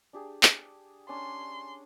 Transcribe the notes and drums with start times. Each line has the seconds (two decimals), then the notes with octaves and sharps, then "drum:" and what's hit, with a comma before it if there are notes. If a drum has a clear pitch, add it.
0.13 D4 G4 G#4
0.43 drum: clap
1.09 C#4 D4 C6